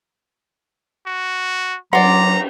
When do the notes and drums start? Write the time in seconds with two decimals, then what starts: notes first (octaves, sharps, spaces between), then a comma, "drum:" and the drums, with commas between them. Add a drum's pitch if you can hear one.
1.06 F#4
1.93 F#3 D5 F#5 A#5 C6, drum: cymbal